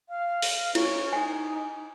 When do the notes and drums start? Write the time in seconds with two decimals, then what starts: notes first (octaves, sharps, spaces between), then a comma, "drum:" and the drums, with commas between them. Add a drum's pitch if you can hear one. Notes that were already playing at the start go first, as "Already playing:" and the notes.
0.09 F5
0.42 drum: open hi-hat
0.75 C#4 E4, drum: cymbal
1.13 D#4 G#5